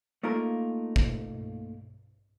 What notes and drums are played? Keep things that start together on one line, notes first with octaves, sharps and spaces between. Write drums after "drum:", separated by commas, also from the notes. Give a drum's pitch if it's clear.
A3 A#3 D#4 F4 A#4
drum: kick